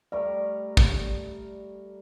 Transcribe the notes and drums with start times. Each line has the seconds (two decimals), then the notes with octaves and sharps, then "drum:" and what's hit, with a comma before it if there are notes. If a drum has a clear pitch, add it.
0.12 G3 A3 A#4 D5
0.77 drum: kick